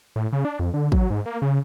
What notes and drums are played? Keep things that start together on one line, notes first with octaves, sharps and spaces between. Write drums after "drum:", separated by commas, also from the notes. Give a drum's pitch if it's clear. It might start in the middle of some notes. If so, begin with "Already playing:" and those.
A2
C#3
D4
F2
D3
F#3, drum: kick
G#2
A#3
C#3